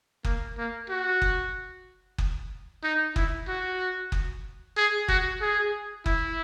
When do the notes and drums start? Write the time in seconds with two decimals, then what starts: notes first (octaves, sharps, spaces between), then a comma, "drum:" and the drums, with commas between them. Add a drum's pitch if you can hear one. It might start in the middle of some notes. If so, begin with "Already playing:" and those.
0.25 A#3, drum: kick F#1
0.58 A#3
0.90 F#4
1.22 drum: kick F#1
2.18 drum: kick F#1
2.83 D#4
3.16 E4, drum: kick F#1
3.48 F#4
4.12 drum: kick F#1
4.77 G#4
5.08 F#4, drum: kick F#1
5.41 G#4
6.06 E4, drum: kick F#1